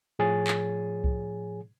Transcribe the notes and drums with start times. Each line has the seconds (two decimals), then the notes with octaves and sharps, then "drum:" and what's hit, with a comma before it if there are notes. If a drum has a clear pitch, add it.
0.19 A2 F3 G#4 C#5 G#5 A6
0.47 drum: clap
1.04 drum: kick C2